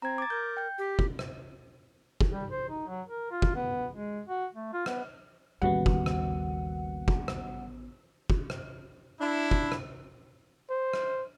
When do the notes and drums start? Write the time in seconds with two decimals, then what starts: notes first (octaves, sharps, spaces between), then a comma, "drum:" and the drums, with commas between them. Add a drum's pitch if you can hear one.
0.02 C4 A#5 G#6
0.18 D6 A6
0.30 A#4 G6
0.57 G5 G6
0.78 G4
0.99 drum: kick
1.19 drum: rim click
2.21 drum: kick
2.32 G3
2.50 C5
2.69 D#4
2.87 F#3
3.08 A#4
3.31 F4
3.42 drum: kick
3.55 B3
3.93 G#3
4.28 F#4
4.54 A3
4.73 F4
4.86 B3, drum: rim click
5.62 A1 D#2 C#3 G3 B3 F#4 F#5
5.86 drum: kick
6.06 drum: rim click
7.08 drum: kick
7.28 drum: rim click
8.30 drum: kick
8.50 drum: rim click
9.20 D4 E4
9.51 drum: kick
9.72 drum: rim click
10.70 C5
10.93 drum: rim click